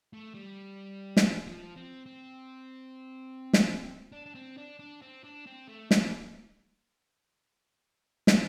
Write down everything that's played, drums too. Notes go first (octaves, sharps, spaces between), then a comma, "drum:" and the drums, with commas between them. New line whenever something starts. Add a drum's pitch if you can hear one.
A3
G3
drum: snare
F3
C4
C4
drum: snare
D4
D4
C4
D4
D4
C4
D4
C4
A3
A#3, drum: snare
drum: snare